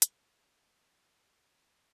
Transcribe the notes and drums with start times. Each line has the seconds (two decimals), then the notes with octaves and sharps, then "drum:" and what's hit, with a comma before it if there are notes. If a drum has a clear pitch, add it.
0.02 G#4 A4 F5 F#5, drum: hi-hat